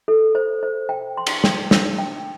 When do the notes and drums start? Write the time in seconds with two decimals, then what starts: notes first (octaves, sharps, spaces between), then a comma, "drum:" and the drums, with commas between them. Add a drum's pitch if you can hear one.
0.08 A4
0.35 C5
0.63 C5
0.89 G5
1.17 C6
1.27 drum: cymbal
1.44 G5, drum: snare
1.71 D4, drum: snare
1.98 G5